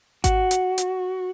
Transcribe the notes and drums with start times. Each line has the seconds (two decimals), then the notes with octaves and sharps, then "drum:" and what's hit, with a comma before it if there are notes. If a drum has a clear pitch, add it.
0.24 F#4, drum: kick G#1, hi-hat
0.51 drum: hi-hat
0.78 drum: hi-hat